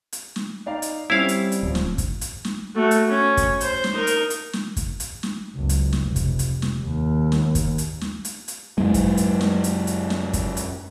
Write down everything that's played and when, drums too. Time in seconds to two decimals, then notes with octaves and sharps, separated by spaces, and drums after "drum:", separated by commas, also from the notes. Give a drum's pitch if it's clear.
0.13 drum: hi-hat
0.36 drum: snare
0.66 D#4 D5 F5
0.82 drum: hi-hat
1.10 G3 C4 C#4 E4 F5
1.29 drum: hi-hat
1.52 drum: hi-hat
1.63 D1 F3
1.75 drum: snare
1.98 drum: kick, hi-hat
2.21 drum: hi-hat
2.45 drum: snare
2.75 A3 F#4
2.91 drum: hi-hat
3.08 C#4
3.37 drum: kick, hi-hat
3.61 C5, drum: hi-hat
3.84 drum: snare
3.93 D#4 A#4
4.07 drum: hi-hat
4.30 drum: hi-hat
4.53 drum: snare
4.77 drum: kick, hi-hat
5.00 drum: hi-hat
5.23 drum: snare
5.56 F#1 C#2
5.69 drum: hi-hat
5.93 drum: snare
6.03 F1
6.16 drum: kick, hi-hat
6.39 drum: hi-hat
6.62 drum: snare
6.82 D#2
7.32 drum: snare
7.55 drum: kick, hi-hat
7.78 drum: hi-hat
8.01 drum: snare
8.25 drum: hi-hat
8.48 drum: hi-hat
8.78 F#2 G#3
8.94 drum: kick, hi-hat
9.17 drum: hi-hat
9.41 drum: snare
9.64 drum: hi-hat
9.87 drum: hi-hat
10.10 drum: snare
10.33 drum: kick, hi-hat
10.57 drum: hi-hat